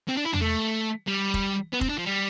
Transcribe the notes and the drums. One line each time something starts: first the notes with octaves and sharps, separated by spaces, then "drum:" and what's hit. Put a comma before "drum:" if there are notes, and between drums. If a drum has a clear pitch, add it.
C4
D4
E4
D4, drum: tom E2
A3
G3
drum: kick
B3
C4, drum: kick
D4
F3
G3